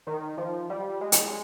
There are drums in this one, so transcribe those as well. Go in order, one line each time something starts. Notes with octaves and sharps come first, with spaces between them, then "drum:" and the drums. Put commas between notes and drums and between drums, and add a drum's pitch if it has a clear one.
D#3
F3
G3
G#3
drum: hi-hat